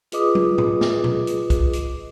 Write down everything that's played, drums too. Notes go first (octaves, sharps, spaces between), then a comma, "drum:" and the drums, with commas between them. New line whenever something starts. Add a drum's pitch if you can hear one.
F4 G#4 B4 D#5 D6 D#6, drum: hi-hat
drum: tom
drum: tom A2
drum: snare
drum: tom A#2
drum: hi-hat
drum: kick, hi-hat
drum: hi-hat